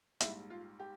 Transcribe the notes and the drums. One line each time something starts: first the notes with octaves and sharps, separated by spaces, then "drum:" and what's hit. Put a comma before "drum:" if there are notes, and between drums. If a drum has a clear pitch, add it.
A#1 G#2 G3 E4, drum: hi-hat
F4
G4